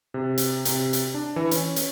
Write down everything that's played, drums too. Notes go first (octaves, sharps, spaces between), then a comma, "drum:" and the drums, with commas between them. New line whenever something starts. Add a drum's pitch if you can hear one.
C3
drum: hi-hat
C3, drum: hi-hat
drum: hi-hat
D4
E3
C#4, drum: hi-hat
drum: hi-hat